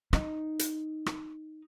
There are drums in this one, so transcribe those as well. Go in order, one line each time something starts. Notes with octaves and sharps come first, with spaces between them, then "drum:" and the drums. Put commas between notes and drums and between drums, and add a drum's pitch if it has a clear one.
D#4, drum: rim click
drum: hi-hat
drum: rim click